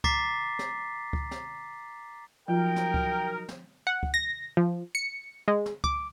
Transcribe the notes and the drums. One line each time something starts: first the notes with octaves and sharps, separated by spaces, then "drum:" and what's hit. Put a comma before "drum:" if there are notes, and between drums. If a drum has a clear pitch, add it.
A#5 D6 A6 B6 C7, drum: kick C#2
drum: snare
drum: kick C#2
drum: snare
F3 F#3 D#4 F4 A#4 G5
drum: snare
drum: kick C#2
drum: snare
F#5
drum: kick C#2
A#6
F3
C#7
G#3
drum: snare
D6, drum: kick C#2